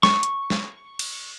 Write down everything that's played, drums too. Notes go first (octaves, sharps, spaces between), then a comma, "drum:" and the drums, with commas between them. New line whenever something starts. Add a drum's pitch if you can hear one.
C#6, drum: snare
drum: hi-hat
drum: snare
drum: cymbal